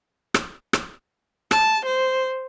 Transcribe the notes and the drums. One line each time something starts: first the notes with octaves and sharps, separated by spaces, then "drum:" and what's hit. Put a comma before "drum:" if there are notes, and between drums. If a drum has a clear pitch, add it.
drum: rim click
drum: rim click
A5, drum: rim click
C5